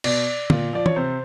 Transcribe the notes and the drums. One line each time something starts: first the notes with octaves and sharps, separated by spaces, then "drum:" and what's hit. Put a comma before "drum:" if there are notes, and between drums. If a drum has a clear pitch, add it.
B2 D5, drum: cymbal
A#2, drum: tom D3
F3 D5
C#5, drum: tom E3
C3 C5